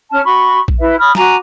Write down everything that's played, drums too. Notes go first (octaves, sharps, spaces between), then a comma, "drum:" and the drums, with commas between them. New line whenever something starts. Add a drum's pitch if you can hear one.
C#4 A5 F6
F#4 B5 C#6
drum: kick
E4 B4 E5
B5 D#6 F6
F#4 G#5 A#5 D6, drum: snare